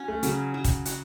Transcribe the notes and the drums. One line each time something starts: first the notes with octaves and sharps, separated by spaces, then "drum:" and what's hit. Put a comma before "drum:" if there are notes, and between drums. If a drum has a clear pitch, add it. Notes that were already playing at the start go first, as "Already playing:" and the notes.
Already playing: C#4 F#4
A3
C#3 F#3, drum: hi-hat
F#3
drum: kick, hi-hat
F#4, drum: hi-hat